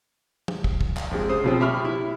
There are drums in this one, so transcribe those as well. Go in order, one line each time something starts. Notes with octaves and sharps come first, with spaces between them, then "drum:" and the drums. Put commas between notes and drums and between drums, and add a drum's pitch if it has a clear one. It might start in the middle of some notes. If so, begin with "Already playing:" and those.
drum: tom
drum: kick
drum: kick
drum: clap
F2 G#3
C#3 C5 D#6
B2 F3 C4
G4 E5 B5 C#6 F6
E4